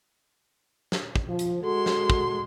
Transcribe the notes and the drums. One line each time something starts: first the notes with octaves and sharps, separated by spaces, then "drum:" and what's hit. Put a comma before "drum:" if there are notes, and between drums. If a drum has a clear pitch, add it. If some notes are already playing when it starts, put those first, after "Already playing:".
drum: snare
drum: kick
F3
drum: hi-hat
G#3 F#4 A4 C6
drum: snare
drum: kick